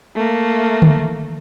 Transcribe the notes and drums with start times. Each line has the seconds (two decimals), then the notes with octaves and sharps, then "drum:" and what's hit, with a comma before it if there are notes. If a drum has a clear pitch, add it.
0.16 A3 A#3
0.82 drum: tom D3